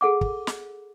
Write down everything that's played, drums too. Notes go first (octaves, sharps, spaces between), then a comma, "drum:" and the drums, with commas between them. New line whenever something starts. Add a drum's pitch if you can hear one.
G#4 A4 F#5 D6
drum: kick
drum: snare